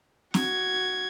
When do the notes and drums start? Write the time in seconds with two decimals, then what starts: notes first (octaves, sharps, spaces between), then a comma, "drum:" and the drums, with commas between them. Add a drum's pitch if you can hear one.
0.34 F#4 G#6, drum: snare C4